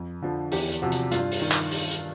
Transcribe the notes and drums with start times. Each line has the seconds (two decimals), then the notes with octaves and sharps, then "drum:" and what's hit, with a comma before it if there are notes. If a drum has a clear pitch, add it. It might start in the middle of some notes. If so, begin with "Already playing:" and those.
Already playing: F2
0.22 D3 F3
0.52 E2 G4, drum: open hi-hat
0.72 drum: hi-hat
0.82 C3 F3 F#4
0.92 drum: hi-hat
1.12 G2 F4, drum: hi-hat
1.32 drum: open hi-hat
1.42 D#3
1.51 drum: clap
1.71 drum: open hi-hat
1.91 drum: hi-hat